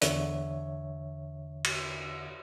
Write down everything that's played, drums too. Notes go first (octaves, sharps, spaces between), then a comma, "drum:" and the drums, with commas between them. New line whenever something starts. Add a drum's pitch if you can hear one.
E2 D3 C#5 E5, drum: hi-hat
drum: cymbal